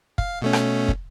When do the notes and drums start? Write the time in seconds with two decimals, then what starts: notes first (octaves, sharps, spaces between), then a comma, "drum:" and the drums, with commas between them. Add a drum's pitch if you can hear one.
0.18 F5, drum: kick
0.42 B2 A3 C#4
0.53 drum: rim click
0.88 drum: kick